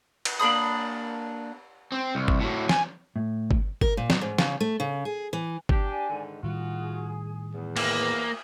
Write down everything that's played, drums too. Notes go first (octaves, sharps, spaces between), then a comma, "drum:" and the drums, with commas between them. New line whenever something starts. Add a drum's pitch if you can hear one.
drum: cymbal
A#3 D4 B5 D#6
C4
C2
drum: kick G1
A2 F#3
G#5, drum: snare
A2
drum: kick G1
A#4, drum: kick G1
A#2
F#3, drum: snare
G#2
C#3, drum: snare
A3
C#3
G#4
E3
D4 G4, drum: kick G1
D5 G#5
G#2 D3 D#3
A2 D#3 G3 F4 F#4 G#4
E2
A#3 B4, drum: cymbal